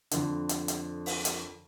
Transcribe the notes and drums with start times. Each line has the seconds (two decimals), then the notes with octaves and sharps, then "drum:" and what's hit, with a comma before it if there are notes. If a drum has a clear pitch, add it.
0.11 F2 D3, drum: hi-hat
0.49 drum: hi-hat
0.68 drum: hi-hat
1.06 drum: open hi-hat
1.25 drum: hi-hat